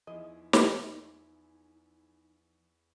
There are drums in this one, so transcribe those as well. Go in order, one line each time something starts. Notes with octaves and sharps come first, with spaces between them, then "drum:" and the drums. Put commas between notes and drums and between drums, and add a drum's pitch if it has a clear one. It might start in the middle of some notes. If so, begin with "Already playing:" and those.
E2 F3 D#4 E4 G#4 D#5
drum: snare